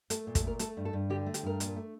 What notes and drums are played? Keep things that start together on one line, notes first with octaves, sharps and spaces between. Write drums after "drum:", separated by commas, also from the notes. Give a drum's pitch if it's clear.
A3 A4, drum: hi-hat
A#2
A4, drum: kick, hi-hat
A3 A#4
A3 A4, drum: hi-hat
G2
A4
G2
D3 G4
A3
G4, drum: hi-hat
G2 A#4
A#2, drum: hi-hat
A3